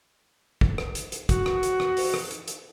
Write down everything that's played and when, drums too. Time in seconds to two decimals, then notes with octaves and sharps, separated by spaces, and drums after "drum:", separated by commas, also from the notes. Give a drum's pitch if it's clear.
0.61 drum: kick
0.78 drum: rim click
0.95 drum: hi-hat
1.12 drum: hi-hat
1.29 F#4, drum: kick, hi-hat
1.46 drum: rim click
1.63 drum: hi-hat
1.80 drum: rim click
1.97 drum: open hi-hat
2.14 drum: rim click
2.31 drum: hi-hat
2.48 drum: hi-hat